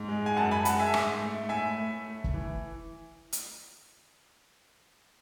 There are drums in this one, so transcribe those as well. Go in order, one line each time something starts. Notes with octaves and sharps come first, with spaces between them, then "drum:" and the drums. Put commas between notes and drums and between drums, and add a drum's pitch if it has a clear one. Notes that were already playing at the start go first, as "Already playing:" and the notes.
Already playing: G#2
G#3
G#5
F#2 F#5 A5
G#5 B5
G#3 F#5 A5, drum: hi-hat
E5 G#5
G#2, drum: rim click
A3
A2 E5 G#5
A3
A3
drum: kick
E3
drum: hi-hat